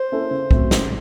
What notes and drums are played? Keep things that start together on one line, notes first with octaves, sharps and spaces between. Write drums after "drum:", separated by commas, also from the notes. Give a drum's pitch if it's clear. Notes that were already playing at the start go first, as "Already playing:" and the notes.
Already playing: C5
A#3 C#4 E4 A4
C#3
F#3 A3 C4, drum: kick
C#3, drum: snare